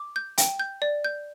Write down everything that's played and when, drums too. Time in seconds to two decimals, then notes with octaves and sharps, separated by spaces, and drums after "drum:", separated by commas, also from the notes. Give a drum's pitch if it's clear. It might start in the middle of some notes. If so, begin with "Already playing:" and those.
Already playing: D6
0.16 G6
0.38 G5, drum: hi-hat
0.60 G6
0.82 D5
1.05 G6